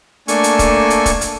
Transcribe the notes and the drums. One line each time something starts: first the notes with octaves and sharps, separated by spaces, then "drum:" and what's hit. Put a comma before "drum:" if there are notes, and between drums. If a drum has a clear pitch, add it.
A3 A#3 D4 A4 G#5 C#6, drum: hi-hat
drum: hi-hat
drum: kick, hi-hat
drum: hi-hat
drum: kick, hi-hat
drum: hi-hat